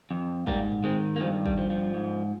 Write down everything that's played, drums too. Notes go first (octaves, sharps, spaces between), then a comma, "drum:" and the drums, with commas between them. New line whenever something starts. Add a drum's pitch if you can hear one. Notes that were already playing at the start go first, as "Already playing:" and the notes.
F2
G#2 G3 A#3, drum: kick
drum: tom A2
D#3 G#3 C4
A#3
G2 F3 G#3
G3, drum: kick
F3
F3
G#2